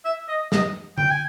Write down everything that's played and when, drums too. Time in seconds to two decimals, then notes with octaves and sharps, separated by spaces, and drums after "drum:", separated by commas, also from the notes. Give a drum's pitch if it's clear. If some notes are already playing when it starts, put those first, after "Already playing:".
0.05 E5
0.28 D#5
0.52 D#5, drum: snare
0.98 G5, drum: tom D3
1.10 G#5